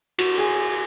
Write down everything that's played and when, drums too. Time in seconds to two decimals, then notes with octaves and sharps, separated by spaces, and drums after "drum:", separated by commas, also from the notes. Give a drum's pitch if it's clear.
0.18 F#4, drum: cymbal
0.38 G#4